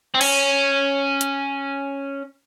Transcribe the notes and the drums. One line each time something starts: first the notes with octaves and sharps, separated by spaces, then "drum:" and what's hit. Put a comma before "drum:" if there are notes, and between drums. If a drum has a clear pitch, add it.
C4
C#4, drum: cymbal
drum: hi-hat